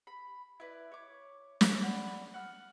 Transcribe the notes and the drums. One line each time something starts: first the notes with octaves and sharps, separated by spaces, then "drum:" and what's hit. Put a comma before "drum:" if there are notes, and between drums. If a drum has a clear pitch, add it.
B5
E4 B4 D5
C#5 D6
drum: snare
D5 F#5 B5
F#5 F6